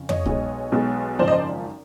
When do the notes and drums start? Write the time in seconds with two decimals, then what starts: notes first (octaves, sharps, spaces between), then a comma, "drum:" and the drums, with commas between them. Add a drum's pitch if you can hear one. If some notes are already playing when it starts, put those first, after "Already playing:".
Already playing: F2 C#3
0.09 C#5 D#5, drum: tom F2
0.26 B1 B2 G#3, drum: kick C2
0.72 B1 B2 G#3
1.19 G#1 F#2 C#3 F3 C5 D5
1.28 D#5
1.31 C5 D5